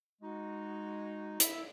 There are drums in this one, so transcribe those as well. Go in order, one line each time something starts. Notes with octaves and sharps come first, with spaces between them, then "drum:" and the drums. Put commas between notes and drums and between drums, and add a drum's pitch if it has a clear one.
G#3 D#4 F#4
E4 E5, drum: hi-hat